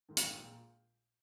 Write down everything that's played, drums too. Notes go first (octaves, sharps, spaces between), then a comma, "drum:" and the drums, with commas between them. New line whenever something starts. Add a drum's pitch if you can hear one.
G#2 D#3 G#3
F5, drum: hi-hat
A#1 G5
A#2 G#3